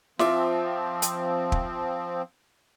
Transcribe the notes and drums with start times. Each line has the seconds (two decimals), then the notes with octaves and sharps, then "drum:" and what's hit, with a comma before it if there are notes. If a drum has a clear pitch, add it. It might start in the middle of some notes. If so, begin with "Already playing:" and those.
0.19 F3 C4 F4 E5 D6, drum: snare
1.02 drum: hi-hat
1.52 drum: kick